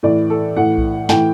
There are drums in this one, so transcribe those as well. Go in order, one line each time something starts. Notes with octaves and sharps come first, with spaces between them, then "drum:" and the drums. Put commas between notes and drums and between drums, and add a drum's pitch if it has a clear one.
A2 E3 D5
A4
A2 E3 F#5
drum: kick B1
A2 E3 G5, drum: snare